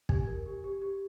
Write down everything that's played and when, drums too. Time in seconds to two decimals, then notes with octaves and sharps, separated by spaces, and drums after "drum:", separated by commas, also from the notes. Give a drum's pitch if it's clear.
0.09 G4 G#5 G#6, drum: kick
0.27 A#4
0.46 G4
0.64 G4
0.82 G4